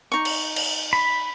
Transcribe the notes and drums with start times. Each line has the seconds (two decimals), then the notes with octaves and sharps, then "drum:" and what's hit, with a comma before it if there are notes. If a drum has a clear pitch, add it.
0.12 D#4 C#6
0.25 drum: cymbal
0.56 drum: cymbal
0.93 B5